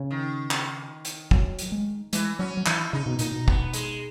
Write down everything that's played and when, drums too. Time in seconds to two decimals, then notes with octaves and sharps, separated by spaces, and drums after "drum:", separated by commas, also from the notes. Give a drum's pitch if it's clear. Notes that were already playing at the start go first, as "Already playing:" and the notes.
Already playing: C#3
0.11 D#3
0.51 drum: clap
1.05 drum: hi-hat
1.31 F#3, drum: kick
1.59 drum: hi-hat
1.72 G#3
2.13 E3 G#3, drum: hi-hat
2.39 F#3 C#4
2.57 F#3
2.66 E3 E4, drum: clap
2.93 C#3 D#4
3.06 B2
3.19 A#2 D#4, drum: hi-hat
3.32 B2
3.48 B3, drum: kick
3.73 G#3, drum: hi-hat